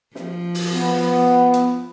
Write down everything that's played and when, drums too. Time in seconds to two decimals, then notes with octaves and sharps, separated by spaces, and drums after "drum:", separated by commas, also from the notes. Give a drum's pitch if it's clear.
0.15 F3, drum: snare
0.55 drum: open hi-hat
0.72 B3
1.54 drum: hi-hat